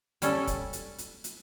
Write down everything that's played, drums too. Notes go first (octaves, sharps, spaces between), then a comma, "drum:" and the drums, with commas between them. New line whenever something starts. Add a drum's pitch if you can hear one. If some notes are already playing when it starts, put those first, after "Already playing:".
G3 C#4 A4, drum: hi-hat
drum: kick, hi-hat
drum: hi-hat
drum: hi-hat
drum: hi-hat